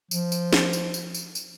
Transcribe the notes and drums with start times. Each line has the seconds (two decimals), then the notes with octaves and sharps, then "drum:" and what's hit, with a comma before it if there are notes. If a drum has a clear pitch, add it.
0.11 F3, drum: tambourine
0.32 drum: tambourine
0.53 drum: snare
0.73 drum: tambourine
0.94 drum: tambourine
1.15 drum: tambourine
1.35 drum: tambourine